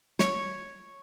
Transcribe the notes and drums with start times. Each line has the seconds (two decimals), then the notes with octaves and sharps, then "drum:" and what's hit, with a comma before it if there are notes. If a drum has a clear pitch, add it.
0.19 C#5, drum: snare